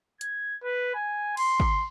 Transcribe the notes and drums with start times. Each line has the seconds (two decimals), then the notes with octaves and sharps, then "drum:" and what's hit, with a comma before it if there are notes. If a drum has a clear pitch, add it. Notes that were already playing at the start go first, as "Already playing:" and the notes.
0.21 G#6, drum: hi-hat
0.63 B4
0.95 G#5
1.37 C6, drum: cymbal
1.60 drum: kick G#1